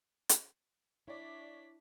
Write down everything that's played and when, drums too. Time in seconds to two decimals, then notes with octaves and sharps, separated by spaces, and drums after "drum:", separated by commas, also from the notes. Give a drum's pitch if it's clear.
0.29 drum: hi-hat
1.08 D4 E4 C#5 D5 B6